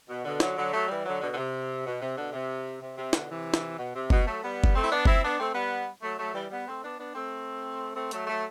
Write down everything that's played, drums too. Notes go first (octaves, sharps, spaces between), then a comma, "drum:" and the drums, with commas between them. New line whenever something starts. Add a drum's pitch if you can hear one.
B2
B2 D3
D3 F#3, drum: snare
D3 F#3
F#3 A3
E3 G3
D3 F#3
B2 D3
D3
C3
B2
C3
B2 D3
C3
C3
C3
B2 D3, drum: snare
C3 E3
drum: snare
B2
C3
B2, drum: kick F#1
F#3 A3
G3 B3
drum: kick F#1
A3 C4
E4
B3 D4
C4 E4, drum: kick F#1
B3 D4
A3 C4
G3 B3
F#3 A3
F#3 A3
E3 G3
G3 B3
A3 C4
B3 D4
B3 D4
A3 C4
A3 C4
F#3 A3, drum: hi-hat
F#3 A3